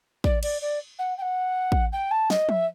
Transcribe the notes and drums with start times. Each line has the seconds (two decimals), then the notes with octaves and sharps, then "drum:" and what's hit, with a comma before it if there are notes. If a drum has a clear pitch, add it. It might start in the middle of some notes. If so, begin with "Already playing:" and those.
0.24 D5, drum: kick
0.43 D5, drum: cymbal
0.61 D5
0.99 F#5
1.18 G5
1.22 F#5
1.72 drum: kick
1.92 G5
2.11 A5
2.30 D#5, drum: snare
2.49 E5, drum: tom F3